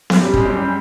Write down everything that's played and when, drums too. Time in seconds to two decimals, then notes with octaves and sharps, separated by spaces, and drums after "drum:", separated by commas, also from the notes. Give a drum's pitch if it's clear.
0.10 drum: snare B3
0.22 F#2 G3 G4
0.34 G#3 G#4, drum: kick
0.45 F#2 G3 G4
0.56 G3 G4